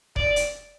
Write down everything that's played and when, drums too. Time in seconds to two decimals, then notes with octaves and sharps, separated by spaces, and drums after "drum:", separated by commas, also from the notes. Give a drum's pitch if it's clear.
0.16 D5, drum: kick F1
0.36 drum: hi-hat